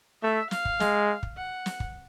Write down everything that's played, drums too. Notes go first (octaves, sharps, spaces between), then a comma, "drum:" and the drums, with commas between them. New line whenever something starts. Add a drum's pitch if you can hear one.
A3 E5
F5, drum: snare
drum: kick
G#3, drum: snare
drum: kick
F#5
drum: snare
drum: kick